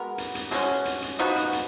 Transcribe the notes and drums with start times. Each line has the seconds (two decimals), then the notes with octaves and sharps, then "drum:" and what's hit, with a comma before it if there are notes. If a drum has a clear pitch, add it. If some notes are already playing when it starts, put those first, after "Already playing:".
Already playing: G#3 B3 F#4 A#4
0.18 drum: hi-hat
0.35 drum: hi-hat
0.51 B2 G#3 C#4 F#4, drum: hi-hat
0.85 drum: hi-hat
1.02 drum: hi-hat
1.19 F3 B3 D#4 F#4
1.36 drum: hi-hat
1.53 drum: hi-hat